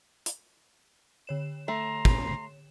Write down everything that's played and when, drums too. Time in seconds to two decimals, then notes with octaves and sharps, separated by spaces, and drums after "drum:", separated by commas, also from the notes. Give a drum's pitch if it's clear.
0.26 drum: hi-hat
1.27 D3 C#5 E7
1.68 A3 A#5 C6
2.05 drum: kick